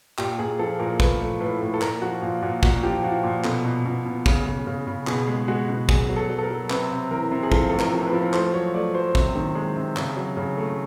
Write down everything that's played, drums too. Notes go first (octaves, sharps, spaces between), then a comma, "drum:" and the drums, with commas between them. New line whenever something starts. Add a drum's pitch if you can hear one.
A#2 G4, drum: clap
A#2 G#4
F3 A4
A#2 A#4
A3 B4, drum: kick
A3
A2 B4
A2
A4
A#2 A#4, drum: clap
F3 F#4
A#2 F4
A#2 F#4
A#2 F#4, drum: kick
F3 G4
F3 F#4
A#2
B2 A4, drum: clap
B2
B2
B2
C#3, drum: kick
C#3
C#3
C#3
B2 G#4, drum: clap
G#3
G#3 F#4
B2
F#3 G#4, drum: kick
F#3
A4
F#3
A4
A#4
F#3
C3 B4, drum: clap
C3
E3 A#4
C3
G#4
F3 A4, drum: kick
A2 A4
A#4, drum: clap
F3
B4
F3
A3 C5, drum: clap
F#3 C#5
A3 D5
F#3 C5
C3, drum: kick
D#3
G#3
C3
C#3, drum: clap
F#3
C#3
A3